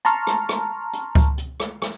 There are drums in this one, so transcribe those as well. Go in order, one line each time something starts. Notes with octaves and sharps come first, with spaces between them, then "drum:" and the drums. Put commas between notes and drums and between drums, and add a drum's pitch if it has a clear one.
A5 A#5 C6 C#6 F6, drum: hi-hat
drum: rim click
drum: rim click
drum: hi-hat
drum: kick C#2
drum: hi-hat
drum: rim click
drum: rim click